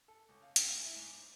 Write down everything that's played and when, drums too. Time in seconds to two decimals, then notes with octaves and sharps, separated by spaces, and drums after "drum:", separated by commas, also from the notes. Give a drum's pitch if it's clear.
0.08 A4
0.29 C#2
0.42 F5
0.56 C4, drum: hi-hat
0.71 G#2
0.84 E4
0.96 G#2
1.09 D6
1.22 C5